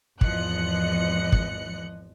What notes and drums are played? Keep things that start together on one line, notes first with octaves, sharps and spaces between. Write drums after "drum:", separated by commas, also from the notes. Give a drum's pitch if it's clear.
G#1 E2 F3 D#5 F#6 C#7, drum: kick
drum: kick